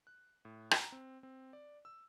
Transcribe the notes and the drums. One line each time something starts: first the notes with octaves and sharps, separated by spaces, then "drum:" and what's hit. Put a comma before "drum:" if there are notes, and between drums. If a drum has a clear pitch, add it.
F#6
A2
A#5, drum: rim click
C4
C4
D5
E6